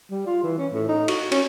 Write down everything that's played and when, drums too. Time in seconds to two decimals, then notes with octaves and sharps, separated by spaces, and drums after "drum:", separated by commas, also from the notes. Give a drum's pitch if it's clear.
0.11 G3
0.27 F4
0.43 E3
0.58 C#4
0.73 A2
0.89 D#4
1.08 F#4, drum: cymbal
1.32 C#4, drum: cymbal